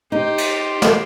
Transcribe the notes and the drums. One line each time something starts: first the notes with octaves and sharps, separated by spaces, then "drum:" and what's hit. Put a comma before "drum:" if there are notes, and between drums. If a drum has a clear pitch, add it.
D#4 G4 C5
drum: cymbal
drum: snare